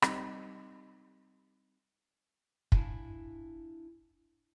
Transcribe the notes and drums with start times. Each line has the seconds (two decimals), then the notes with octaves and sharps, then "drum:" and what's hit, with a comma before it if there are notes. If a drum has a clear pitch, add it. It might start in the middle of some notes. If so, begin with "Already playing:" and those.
0.02 G3 C4 D#4, drum: rim click
2.72 D4 E4 F5 G#5, drum: kick